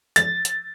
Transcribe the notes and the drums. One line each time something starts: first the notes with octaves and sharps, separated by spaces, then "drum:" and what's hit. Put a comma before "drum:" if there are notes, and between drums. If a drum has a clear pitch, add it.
A6, drum: hi-hat
drum: hi-hat